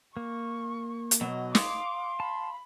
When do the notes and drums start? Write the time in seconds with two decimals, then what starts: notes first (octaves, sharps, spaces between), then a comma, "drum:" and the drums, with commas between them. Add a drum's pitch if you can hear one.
0.17 A#3 C#6
1.11 drum: hi-hat
1.21 B2 F#3 D#5
1.55 F5 C6 D6 D#6, drum: snare
2.20 A5 B5